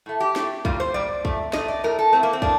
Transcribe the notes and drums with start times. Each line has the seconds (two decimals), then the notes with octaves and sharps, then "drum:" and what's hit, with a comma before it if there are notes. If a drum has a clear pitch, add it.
0.06 A2 A3
0.20 G4
0.36 A2 A3, drum: snare
0.65 A#2 G3 A#3 F4, drum: kick
0.80 C5
0.94 A#2 G3 D5
1.25 A#2 A3, drum: kick
1.53 A#2 A3 D#5, drum: snare
1.68 D5
1.84 A2 A3 A#4
1.99 A4
2.13 A2 A3 C4
2.23 A#3
2.33 C4
2.42 A2 F3 A#3 D4, drum: kick